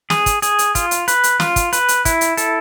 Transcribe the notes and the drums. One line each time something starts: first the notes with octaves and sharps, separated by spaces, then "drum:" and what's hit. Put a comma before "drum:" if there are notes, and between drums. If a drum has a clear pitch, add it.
G#4, drum: snare
drum: kick, hi-hat
G#4, drum: hi-hat
drum: hi-hat
F4, drum: kick, hi-hat
drum: hi-hat
B4, drum: hi-hat
drum: hi-hat
F4, drum: snare
drum: kick, hi-hat
B4, drum: hi-hat
drum: hi-hat
E4, drum: kick, hi-hat
drum: hi-hat
A4, drum: hi-hat